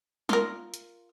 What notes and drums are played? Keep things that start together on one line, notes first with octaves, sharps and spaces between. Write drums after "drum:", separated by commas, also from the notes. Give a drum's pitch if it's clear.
F4 A#4, drum: snare
drum: hi-hat